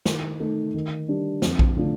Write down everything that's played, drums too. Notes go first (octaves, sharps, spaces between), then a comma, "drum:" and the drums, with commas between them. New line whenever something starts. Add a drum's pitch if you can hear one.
D#3, drum: snare
A3 D#4 A4
D#3
G3 D4
F2, drum: snare
drum: kick A#1
D3 A3 D4 F4